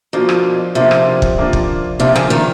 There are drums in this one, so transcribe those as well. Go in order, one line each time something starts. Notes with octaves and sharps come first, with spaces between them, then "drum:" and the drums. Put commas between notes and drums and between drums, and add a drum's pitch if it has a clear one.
B2 F3 A#3 D4 F4
drum: rim click
C3 F3 A#3 D4 F4
drum: rim click
drum: kick
F3 A#3 D4 F4
drum: kick
C3 F3 A#3 D4 F4
C#3, drum: rim click
D#3